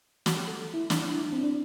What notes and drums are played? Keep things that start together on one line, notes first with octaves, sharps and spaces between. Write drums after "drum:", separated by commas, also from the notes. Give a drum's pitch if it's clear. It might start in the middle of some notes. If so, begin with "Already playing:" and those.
F#4, drum: snare
G4
A4
E4
D4, drum: snare
D4
E4
D4
C4
D4